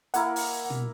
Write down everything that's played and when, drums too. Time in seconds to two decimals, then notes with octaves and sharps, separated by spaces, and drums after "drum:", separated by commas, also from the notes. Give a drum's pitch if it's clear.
0.14 A#3 E4 A#4 F#5, drum: hi-hat
0.36 drum: open hi-hat
0.70 drum: tom A#2